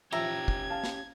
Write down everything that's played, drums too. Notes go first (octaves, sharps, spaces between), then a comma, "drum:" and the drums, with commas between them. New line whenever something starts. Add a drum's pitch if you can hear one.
F3 C#4 G4 E5 A#5 E6 G#6
drum: kick
F5 A5
drum: snare